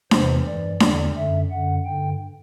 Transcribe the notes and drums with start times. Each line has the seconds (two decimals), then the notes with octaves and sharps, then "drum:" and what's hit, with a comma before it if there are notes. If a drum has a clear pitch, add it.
0.11 E2 C3 E3 C5, drum: snare D4
0.47 G2 E3 D5
0.80 E2 D3 D5, drum: snare D4
1.15 F#2 D3 E5
1.49 F#2 D3 F#5
1.84 G2 D3 G5